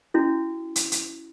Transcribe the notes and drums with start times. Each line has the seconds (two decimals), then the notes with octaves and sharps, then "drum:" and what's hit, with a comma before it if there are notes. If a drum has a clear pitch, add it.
0.14 C#4 E4 F#4
0.76 drum: hi-hat
0.92 drum: hi-hat